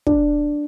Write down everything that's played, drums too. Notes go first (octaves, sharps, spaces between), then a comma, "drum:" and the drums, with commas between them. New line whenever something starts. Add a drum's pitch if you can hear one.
D4, drum: kick